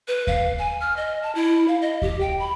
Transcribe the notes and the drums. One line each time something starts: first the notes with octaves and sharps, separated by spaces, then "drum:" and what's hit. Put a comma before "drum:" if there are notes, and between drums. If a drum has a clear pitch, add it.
B4
F5, drum: kick D#2
G#5
F6
D#5
A5
E4
F5
D#5
G4, drum: kick D#2
G5
B5